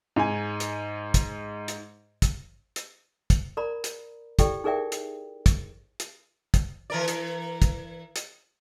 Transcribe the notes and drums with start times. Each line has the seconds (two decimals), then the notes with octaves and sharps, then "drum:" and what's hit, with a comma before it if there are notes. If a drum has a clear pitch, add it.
0.16 G#2 G#5
0.60 drum: hi-hat
1.14 drum: kick, hi-hat
1.68 drum: hi-hat
2.22 drum: kick, hi-hat
2.76 drum: hi-hat
3.30 drum: kick, hi-hat
3.57 A#4 D5 A#5 B5
3.84 drum: hi-hat
4.39 E4 G4 A4 D5 G5, drum: kick, hi-hat
4.64 D#4 G#4 A#4 D5 E5 G5
4.92 drum: hi-hat
5.46 drum: kick, hi-hat
6.00 drum: hi-hat
6.54 drum: kick, hi-hat
6.90 E3 A#4 D5
7.08 drum: hi-hat
7.62 drum: kick, hi-hat
8.16 drum: hi-hat